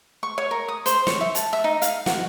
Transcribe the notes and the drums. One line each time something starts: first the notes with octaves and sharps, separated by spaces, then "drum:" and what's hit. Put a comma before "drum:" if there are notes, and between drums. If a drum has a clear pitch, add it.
C#6
C#5
A#4
D#6
C5, drum: hi-hat
C#5, drum: snare
E5
A5, drum: hi-hat
E5
D#4
F5, drum: hi-hat
F#4, drum: snare